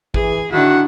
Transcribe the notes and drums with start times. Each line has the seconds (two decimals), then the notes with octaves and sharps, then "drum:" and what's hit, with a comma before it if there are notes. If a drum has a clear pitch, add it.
0.14 E3 G#4, drum: kick
0.52 D3 D#3 D4 E4 F#4 F#5